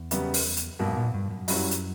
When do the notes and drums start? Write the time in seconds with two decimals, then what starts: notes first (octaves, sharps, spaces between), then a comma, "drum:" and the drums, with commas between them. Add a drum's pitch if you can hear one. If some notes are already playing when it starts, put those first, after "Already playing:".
Already playing: E2
0.11 F#2 C#3 G3 B3, drum: hi-hat
0.34 drum: open hi-hat
0.57 drum: hi-hat
0.79 B1 G2 B2 A#3
0.92 G2
0.97 A#2
1.14 G2
1.31 F#2
1.48 G2 F#3 C#4 E4, drum: open hi-hat
1.71 drum: hi-hat